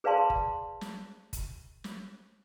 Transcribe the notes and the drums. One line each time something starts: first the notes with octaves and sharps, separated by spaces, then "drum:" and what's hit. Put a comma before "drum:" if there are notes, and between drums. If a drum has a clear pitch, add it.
G#4 B4 D5 F5 A5 C6
drum: kick F#1
drum: snare
drum: kick F#1, hi-hat
drum: snare